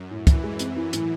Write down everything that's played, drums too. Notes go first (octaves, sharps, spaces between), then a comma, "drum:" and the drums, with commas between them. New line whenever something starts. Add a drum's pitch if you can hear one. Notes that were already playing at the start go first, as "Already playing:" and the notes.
Already playing: F#2
A2
A2 E3, drum: kick, hi-hat
G#3
C4, drum: hi-hat
E4
A2, drum: hi-hat